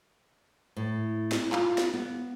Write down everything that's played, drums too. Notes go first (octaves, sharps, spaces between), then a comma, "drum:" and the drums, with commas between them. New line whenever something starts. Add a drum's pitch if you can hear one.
A2
drum: snare
F4, drum: clap
drum: snare
B3